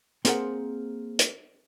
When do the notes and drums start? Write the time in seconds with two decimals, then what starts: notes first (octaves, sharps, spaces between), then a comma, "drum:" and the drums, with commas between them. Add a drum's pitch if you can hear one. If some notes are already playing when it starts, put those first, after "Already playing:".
0.25 A#3 C4 G#4 A#4 C5 F#5, drum: hi-hat
1.19 drum: hi-hat